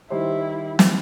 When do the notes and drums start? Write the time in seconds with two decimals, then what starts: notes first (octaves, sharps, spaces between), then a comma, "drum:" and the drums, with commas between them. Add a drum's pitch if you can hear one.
0.10 D#3 G3 D#4 E4 G4 C5
0.79 drum: snare